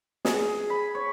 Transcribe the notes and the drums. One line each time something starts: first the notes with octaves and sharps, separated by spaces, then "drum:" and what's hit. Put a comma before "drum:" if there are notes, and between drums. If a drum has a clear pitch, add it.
G#4, drum: snare
B5
C#5